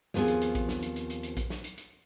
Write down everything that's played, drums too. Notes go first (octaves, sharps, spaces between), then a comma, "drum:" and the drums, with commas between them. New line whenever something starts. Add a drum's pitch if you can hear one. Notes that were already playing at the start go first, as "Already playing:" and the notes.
D#2 F3 B3 C4 G#4, drum: snare
drum: hi-hat
drum: hi-hat
drum: kick A#1, hi-hat
drum: snare
drum: hi-hat
drum: hi-hat
drum: hi-hat
drum: hi-hat
drum: kick A#1, hi-hat
drum: snare
drum: hi-hat
drum: hi-hat